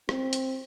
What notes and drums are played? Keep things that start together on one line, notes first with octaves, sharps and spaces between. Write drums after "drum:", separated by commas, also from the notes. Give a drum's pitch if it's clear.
C4, drum: rim click
drum: hi-hat